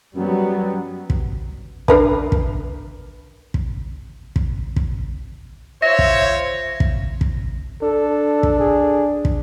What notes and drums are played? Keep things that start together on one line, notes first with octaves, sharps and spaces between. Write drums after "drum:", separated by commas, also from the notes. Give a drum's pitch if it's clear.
F#2 F#3 G3 B3
drum: kick
D4 A#4 B4, drum: kick
drum: kick
drum: kick
drum: kick
drum: kick
F4 C5 C#5 E5 A#6
drum: kick
drum: kick
drum: kick
D4 A4
drum: kick
G#4
drum: kick